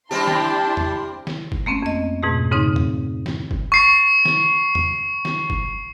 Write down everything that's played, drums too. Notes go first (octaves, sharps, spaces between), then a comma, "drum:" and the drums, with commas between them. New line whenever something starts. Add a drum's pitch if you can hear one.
G3 C4 D4 E4 G4 A5 C6
drum: snare
drum: tom E2
drum: snare
drum: kick
A3 A#3 C4 C#4
F2 D#5
F2 G#2 B2 A3
G#2 C#3 C4 D#4
drum: tom E2
drum: snare
drum: kick
C#6 C7
drum: snare
drum: tom E2
drum: snare
drum: kick